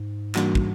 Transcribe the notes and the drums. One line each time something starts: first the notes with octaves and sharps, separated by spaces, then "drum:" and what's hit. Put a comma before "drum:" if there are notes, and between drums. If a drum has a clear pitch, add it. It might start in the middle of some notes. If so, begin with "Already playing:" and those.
Already playing: G#2
E3 G3 A#3 D4 F#4, drum: clap
drum: kick